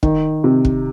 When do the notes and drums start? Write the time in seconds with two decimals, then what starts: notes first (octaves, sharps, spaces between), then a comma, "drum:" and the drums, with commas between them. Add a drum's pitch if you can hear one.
0.03 D#3, drum: kick
0.44 C3
0.65 drum: kick